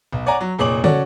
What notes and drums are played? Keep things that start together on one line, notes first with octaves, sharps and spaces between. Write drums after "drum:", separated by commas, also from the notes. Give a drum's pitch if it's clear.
B1
C#5 D5 F#5 G#5 A#5 D6
F#3
F1 A#2 G#4 C#5 D6 F#7
C#4 F#4 A4 C#5 D5, drum: tom